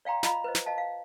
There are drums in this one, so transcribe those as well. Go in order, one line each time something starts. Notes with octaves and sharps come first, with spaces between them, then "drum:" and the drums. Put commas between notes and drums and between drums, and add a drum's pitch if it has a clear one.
D5 F5 G5 A#5 C6
F4 D#5 F5 A#5 B5, drum: snare
B4 C5 D#5
drum: snare
D#5 F5 A5
F5